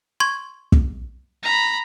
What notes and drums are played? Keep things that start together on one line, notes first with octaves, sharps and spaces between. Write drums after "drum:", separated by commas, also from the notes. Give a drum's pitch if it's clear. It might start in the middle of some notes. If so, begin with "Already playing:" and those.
C6 C#6 G#6
drum: kick
A#5 B5